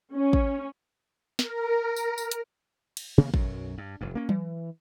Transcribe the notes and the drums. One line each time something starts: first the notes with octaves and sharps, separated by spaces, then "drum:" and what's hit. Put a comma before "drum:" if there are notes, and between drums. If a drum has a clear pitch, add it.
C#4
drum: kick
A#4, drum: snare
drum: tambourine
drum: tambourine
drum: hi-hat
drum: cymbal
C3 D#3 A#3 B3
B1 F#2 F#3, drum: kick
G2
F1 G2
A#3 C#4
E3, drum: tom F#3